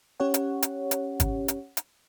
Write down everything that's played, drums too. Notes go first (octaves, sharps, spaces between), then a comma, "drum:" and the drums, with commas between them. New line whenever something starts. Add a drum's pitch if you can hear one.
C#4 G4 C#5 F#5
drum: hi-hat
drum: hi-hat
drum: hi-hat
drum: kick, hi-hat
drum: hi-hat
drum: hi-hat